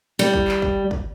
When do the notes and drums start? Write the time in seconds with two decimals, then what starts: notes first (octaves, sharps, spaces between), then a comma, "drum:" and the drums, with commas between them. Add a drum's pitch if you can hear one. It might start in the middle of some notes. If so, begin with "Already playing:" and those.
0.19 G3
0.34 drum: kick
0.48 drum: clap
0.62 drum: kick
0.91 drum: kick